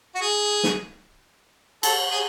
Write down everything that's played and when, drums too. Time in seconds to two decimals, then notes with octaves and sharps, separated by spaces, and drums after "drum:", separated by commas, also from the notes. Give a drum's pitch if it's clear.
0.15 F#4
0.21 G#4
0.63 drum: snare
1.83 A4, drum: cymbal
2.11 G#4